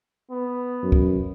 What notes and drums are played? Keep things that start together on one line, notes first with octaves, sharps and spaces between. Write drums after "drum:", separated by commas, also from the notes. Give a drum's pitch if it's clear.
B3
F#2
drum: kick